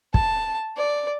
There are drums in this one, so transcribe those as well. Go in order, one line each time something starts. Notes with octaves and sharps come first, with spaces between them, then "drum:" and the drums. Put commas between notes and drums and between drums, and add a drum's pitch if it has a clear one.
A5, drum: kick
D5